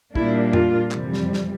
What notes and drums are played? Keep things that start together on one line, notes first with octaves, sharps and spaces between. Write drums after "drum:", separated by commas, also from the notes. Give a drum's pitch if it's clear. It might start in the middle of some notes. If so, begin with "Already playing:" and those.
A#2 G3 A#3 D4 E4, drum: kick
F4, drum: tom F2
F2 C3 E3 G3, drum: clap
drum: snare
drum: snare